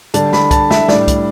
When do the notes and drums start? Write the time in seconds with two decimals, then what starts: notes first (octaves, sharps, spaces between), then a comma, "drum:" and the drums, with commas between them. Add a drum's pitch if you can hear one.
0.14 D3 G3 D4 A5, drum: hi-hat
0.33 B5, drum: snare
0.51 A5, drum: kick, hi-hat
0.71 E5, drum: snare
0.88 A2 G3 D4 D5, drum: snare
1.08 drum: kick, hi-hat